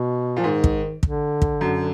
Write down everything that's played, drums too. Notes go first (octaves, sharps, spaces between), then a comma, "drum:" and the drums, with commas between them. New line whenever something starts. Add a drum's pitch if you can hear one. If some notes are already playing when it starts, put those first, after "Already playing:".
Already playing: B2
A#2 F3
G#2 D#3
drum: kick
D3, drum: kick
drum: kick
F#2